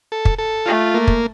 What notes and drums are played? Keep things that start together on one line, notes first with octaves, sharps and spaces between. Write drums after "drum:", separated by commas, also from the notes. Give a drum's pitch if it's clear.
A4
drum: kick
A4
A3 F4
A#3
drum: kick